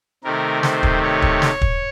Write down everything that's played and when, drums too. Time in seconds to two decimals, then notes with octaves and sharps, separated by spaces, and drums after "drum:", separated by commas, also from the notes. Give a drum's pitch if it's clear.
0.24 C3 D#3 A3 A#4
0.63 C5, drum: snare
0.83 drum: kick
1.02 C#5
1.22 drum: kick
1.42 drum: snare
1.61 drum: kick